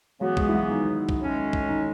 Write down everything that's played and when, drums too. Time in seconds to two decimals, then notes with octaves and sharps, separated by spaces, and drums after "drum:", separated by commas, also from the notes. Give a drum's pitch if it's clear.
0.20 C#3 E3 F#3 B3 F#4
0.37 G#3 G#4, drum: kick
0.48 E4
0.53 F#3 F#4
0.70 D#3 D#4
1.09 drum: kick
1.19 A2 G#3 C#4
1.53 drum: kick
1.68 D#3 D#4